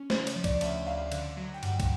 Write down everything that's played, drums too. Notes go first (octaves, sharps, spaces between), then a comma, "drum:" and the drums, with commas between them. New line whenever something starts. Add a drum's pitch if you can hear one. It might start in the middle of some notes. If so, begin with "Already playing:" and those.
Already playing: C#4
C#3 C5, drum: snare
C#5, drum: cymbal
F3
D5, drum: kick, cymbal
D2 E5, drum: cymbal
D2 F5
D3, drum: cymbal
F#3
G5
G2 F#5, drum: cymbal
drum: kick, cymbal